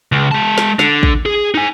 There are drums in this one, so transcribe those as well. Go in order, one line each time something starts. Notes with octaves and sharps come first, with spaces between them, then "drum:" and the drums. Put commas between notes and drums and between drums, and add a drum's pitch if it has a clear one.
C#2
G#3 A5
drum: snare
D3, drum: snare
drum: kick
G#4
D#4 G#5